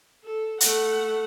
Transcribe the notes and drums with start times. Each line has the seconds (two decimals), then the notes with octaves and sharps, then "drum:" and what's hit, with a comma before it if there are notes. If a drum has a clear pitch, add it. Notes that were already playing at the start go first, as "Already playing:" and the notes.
0.24 A4
0.61 A3 F#5, drum: hi-hat